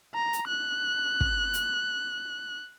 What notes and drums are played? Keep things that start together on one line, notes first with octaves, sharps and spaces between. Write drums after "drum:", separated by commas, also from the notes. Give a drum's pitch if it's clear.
A#5
drum: hi-hat
F#6
drum: kick
drum: hi-hat